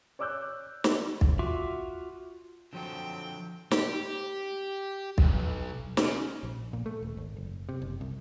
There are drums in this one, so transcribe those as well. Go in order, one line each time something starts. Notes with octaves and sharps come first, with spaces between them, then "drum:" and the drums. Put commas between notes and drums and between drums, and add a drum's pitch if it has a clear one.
C#5 D5 D6 E6 F#6 G6
drum: snare
drum: kick
F4 F#4 E5 D6
D3 F3 F#3 C4 A4 G5
G4, drum: snare
B1, drum: kick
C#3, drum: snare
A#1
A#2
A3
D#1
G#1
F#1
C3
F#1
C2